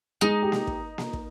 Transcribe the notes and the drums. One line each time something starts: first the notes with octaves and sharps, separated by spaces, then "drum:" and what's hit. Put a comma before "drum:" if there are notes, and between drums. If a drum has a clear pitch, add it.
G#3 D#4
G4
drum: snare A#3
drum: kick
drum: snare A#3
drum: kick